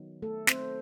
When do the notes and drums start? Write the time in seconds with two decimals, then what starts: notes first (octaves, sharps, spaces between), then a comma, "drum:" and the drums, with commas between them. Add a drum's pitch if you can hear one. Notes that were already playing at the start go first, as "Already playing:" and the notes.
Already playing: D#3 F#3 B3 D#4
0.22 A3 A4
0.47 C4 C5, drum: snare